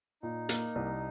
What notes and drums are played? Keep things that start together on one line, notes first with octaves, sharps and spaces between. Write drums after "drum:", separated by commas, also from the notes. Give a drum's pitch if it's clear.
A#2 D#4
A#3, drum: hi-hat
C2